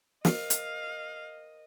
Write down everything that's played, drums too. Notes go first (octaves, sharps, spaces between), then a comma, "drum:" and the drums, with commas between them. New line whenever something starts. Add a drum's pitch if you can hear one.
A#4 C5 D#5 F5, drum: snare
drum: hi-hat